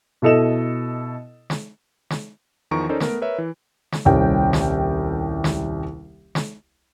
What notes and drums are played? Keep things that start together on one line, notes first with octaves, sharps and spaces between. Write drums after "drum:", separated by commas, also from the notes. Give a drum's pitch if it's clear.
B2 E4 A4 D#5 E7
drum: snare
drum: snare
E2 D#3 F3 A#5 C#6 D7
C#4 D#4 A4 A#4 C5 D5
A3 B3 A#4, drum: snare
A#4 B4 C#5 E5
E3
drum: snare
D#1 C2 C#4 G5
drum: snare
drum: snare
drum: snare